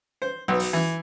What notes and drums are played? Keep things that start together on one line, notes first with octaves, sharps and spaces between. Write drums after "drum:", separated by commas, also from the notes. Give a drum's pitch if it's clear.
C5
B1
drum: open hi-hat
E3